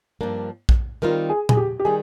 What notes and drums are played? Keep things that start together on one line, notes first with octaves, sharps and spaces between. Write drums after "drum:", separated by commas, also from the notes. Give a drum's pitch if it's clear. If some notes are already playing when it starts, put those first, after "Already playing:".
G2 F3 A#3 D4
drum: kick A#1
D#3 G3 C4 F4 A#4
G#4
G#4, drum: tom A#2
G4
G4
D#3 G3 G#4